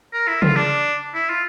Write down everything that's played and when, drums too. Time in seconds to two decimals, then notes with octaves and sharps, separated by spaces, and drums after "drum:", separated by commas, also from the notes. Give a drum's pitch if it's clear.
0.13 A#4
0.28 E4
0.42 F4, drum: tom C#3
0.56 D4
1.14 E4
1.29 F4